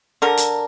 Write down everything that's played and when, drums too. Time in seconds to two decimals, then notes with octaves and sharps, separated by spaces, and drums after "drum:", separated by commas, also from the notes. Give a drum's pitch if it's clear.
0.22 D3 A#4
0.37 drum: hi-hat